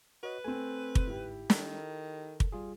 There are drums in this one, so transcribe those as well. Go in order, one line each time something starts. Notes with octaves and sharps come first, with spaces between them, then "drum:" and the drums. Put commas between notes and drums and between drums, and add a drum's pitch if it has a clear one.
F#4 B4 C#5 D#5
A3 C4 G#5
drum: kick
G1 G#2 E4 G4
D#3 A4 A#4, drum: snare
drum: kick
G3 F4 G#4